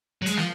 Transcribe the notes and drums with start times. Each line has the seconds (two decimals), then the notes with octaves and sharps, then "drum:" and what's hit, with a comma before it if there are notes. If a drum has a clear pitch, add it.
0.22 F#3
0.26 G#3, drum: hi-hat
0.37 F3, drum: snare